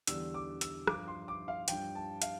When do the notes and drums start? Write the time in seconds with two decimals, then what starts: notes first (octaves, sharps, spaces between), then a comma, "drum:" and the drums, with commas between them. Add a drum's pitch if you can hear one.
0.07 E2 D3 G3 E6, drum: hi-hat
0.34 D6
0.61 E6, drum: hi-hat
0.87 G2 F3 D6, drum: rim click
1.08 C6
1.28 D6
1.48 F5
1.68 G2 F3 G5, drum: hi-hat
1.95 A5
2.22 F5, drum: hi-hat